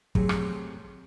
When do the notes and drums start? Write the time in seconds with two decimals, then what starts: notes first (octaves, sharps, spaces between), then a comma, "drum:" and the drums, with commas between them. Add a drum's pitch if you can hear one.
0.15 F#3 A3 C4 G4 G#4, drum: kick
0.29 drum: rim click